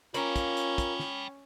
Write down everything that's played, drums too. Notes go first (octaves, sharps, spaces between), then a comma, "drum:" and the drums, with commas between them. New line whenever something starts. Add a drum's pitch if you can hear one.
A#3 C#4 F4 G5 B5, drum: hi-hat
drum: kick, hi-hat
drum: hi-hat
drum: kick, hi-hat
drum: snare